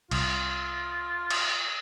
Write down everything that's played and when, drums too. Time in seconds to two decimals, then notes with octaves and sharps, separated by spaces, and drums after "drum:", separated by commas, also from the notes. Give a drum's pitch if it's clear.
0.11 C2 F4, drum: cymbal
1.30 drum: cymbal